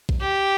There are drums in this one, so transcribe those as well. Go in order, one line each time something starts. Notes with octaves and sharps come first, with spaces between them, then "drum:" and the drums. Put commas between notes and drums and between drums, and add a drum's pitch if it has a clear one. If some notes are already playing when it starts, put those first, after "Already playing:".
drum: kick
G4